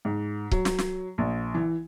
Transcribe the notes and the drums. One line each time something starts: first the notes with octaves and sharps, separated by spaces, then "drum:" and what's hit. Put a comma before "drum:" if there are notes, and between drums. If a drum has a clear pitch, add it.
G#2
F#3, drum: kick C#1
drum: snare
drum: snare
A#1
E3